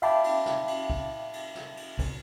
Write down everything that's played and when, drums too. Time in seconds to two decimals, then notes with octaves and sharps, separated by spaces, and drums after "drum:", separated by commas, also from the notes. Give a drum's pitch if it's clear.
0.02 E5 F5 G5 A5 B5 D6, drum: cymbal
0.24 drum: cymbal
0.46 drum: snare
0.68 drum: cymbal
0.90 drum: kick
1.33 drum: cymbal
1.55 drum: snare
1.77 drum: cymbal
1.99 drum: kick, cymbal